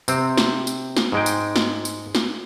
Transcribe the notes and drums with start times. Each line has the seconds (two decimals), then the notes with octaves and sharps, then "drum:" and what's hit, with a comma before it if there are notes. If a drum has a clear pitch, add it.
0.08 C3 C4, drum: tambourine
0.37 drum: snare
0.67 drum: tambourine
0.97 drum: snare
1.12 G#2 G#3 G5
1.26 drum: tambourine
1.56 drum: snare
1.85 drum: tambourine
2.15 drum: snare